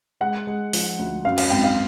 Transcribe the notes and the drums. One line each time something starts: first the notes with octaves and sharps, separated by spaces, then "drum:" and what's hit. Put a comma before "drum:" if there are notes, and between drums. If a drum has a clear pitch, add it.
G#3 F#5
G#3
F3, drum: open hi-hat
D2
F#2 F5
F5, drum: cymbal
G#1 G5
F5